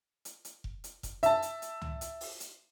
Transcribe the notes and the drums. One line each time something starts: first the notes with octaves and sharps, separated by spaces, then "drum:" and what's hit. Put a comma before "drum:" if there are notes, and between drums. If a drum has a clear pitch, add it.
drum: hi-hat
drum: hi-hat
drum: kick F1
drum: hi-hat
drum: kick F1, hi-hat
E5 A5, drum: hi-hat
drum: hi-hat
drum: hi-hat
drum: tom
drum: hi-hat
drum: open hi-hat
drum: hi-hat